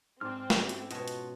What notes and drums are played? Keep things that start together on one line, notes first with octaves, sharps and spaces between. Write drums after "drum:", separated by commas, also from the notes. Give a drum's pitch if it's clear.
G#2 C4 D5 F6
C#4 E4 F#4 G4 A4, drum: snare
drum: hi-hat
B2 F4 C#5 D#5 F#5 A5, drum: hi-hat
drum: hi-hat